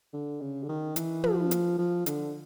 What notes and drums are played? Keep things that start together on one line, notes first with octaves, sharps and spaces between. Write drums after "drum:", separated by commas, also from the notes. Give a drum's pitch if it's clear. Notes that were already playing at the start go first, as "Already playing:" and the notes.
D3
C#3
D3
D#3
E3, drum: hi-hat
F3, drum: tom
drum: hi-hat
F3
D3, drum: hi-hat